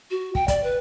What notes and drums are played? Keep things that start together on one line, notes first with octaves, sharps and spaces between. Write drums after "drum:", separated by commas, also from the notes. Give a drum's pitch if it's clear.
F#4
G5, drum: kick
D5, drum: kick, hi-hat
B4